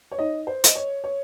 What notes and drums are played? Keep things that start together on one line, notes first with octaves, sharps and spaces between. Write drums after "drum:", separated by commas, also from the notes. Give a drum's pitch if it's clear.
C#5
D#4 D#5
C5
D#5, drum: hi-hat
C#5
C#5